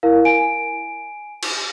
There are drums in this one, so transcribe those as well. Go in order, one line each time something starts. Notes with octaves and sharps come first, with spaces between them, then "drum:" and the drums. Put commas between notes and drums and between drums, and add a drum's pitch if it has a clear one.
E4 A#4 F5
G#5 D7
drum: cymbal